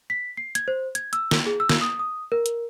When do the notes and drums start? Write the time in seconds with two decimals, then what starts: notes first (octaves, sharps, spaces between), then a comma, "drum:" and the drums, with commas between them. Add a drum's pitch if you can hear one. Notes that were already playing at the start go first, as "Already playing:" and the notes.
0.10 B6
0.37 C7
0.55 G#6, drum: hi-hat
0.68 C5
0.95 G#6, drum: hi-hat
1.13 E6, drum: hi-hat
1.31 drum: snare
1.46 G#4
1.60 E6
1.69 drum: snare
1.81 D#6
1.99 D#6
2.32 A#4
2.46 drum: hi-hat